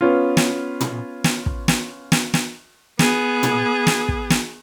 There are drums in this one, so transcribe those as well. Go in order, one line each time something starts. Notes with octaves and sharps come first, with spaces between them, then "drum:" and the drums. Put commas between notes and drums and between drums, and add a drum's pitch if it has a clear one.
B3 C#4 F4
drum: snare
drum: tom
drum: snare
drum: kick
drum: snare
drum: snare
drum: snare
B3 G#4, drum: snare
drum: tom
drum: snare
drum: kick
drum: snare